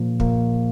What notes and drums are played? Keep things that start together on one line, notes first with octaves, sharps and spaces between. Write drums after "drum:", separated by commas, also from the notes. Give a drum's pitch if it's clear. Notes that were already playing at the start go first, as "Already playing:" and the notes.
Already playing: A#2 F3 A#3
A#2 F3 A#3, drum: kick